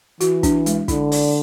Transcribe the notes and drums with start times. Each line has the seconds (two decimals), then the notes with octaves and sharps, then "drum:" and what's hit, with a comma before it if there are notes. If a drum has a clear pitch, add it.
0.21 E3 F#4, drum: hi-hat
0.43 D4, drum: kick, hi-hat
0.66 G#3, drum: hi-hat
0.88 D3 E4, drum: kick, hi-hat
1.12 D5, drum: open hi-hat